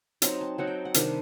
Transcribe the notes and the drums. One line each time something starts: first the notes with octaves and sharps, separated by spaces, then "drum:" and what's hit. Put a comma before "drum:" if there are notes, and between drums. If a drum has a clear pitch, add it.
F#3 C4 D#4 A#5, drum: hi-hat
A5
F#3 C4 D#4 F#5
G5
F#5
C3 D#3 G3 D4 A5, drum: hi-hat